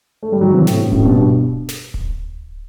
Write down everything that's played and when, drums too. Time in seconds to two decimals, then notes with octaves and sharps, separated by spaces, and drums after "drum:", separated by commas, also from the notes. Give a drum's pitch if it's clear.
0.23 A3
0.32 G3
0.41 D#3 F#3
0.54 C3 E3
0.67 A2 C3, drum: snare
0.79 G2
0.92 F#2 A2, drum: kick D1
1.05 G2 B2
1.18 G2 B2
1.69 drum: snare
1.94 drum: kick D1